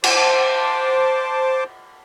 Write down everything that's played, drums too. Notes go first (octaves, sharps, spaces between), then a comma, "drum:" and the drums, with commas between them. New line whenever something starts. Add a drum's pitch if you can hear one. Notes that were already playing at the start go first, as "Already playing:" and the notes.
C5 A5 D6, drum: cymbal